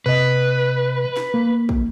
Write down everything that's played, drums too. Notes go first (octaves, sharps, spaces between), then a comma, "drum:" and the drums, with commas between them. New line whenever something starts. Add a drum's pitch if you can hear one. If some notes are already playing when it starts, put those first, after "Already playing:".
C3 B4 D#5, drum: tom F2
drum: snare
A#3
drum: kick